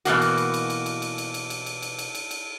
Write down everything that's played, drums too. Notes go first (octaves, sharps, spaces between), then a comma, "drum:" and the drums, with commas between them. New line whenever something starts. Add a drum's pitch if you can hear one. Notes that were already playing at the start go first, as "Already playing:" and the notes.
B2 E3 A#3 F#4, drum: cymbal
drum: cymbal
drum: cymbal
drum: cymbal
drum: cymbal
drum: cymbal
drum: cymbal
drum: cymbal
drum: cymbal
drum: cymbal
drum: cymbal
drum: cymbal
drum: cymbal
drum: cymbal
drum: cymbal